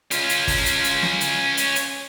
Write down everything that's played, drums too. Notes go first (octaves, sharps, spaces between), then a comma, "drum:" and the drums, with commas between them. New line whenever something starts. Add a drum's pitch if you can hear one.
C#4 F4, drum: hi-hat
drum: hi-hat
drum: kick, open hi-hat
drum: hi-hat
drum: hi-hat
drum: snare
drum: hi-hat
drum: hi-hat
drum: hi-hat